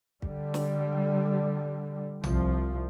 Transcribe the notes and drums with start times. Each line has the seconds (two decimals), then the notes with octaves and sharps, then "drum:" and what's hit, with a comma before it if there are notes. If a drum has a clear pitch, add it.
0.22 D3 G3, drum: kick
0.54 drum: snare
2.24 C2 F3, drum: tom A#1